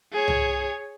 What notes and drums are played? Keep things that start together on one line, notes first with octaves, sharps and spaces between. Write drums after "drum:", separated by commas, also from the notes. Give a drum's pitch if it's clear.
G#4 C#5
drum: tom C2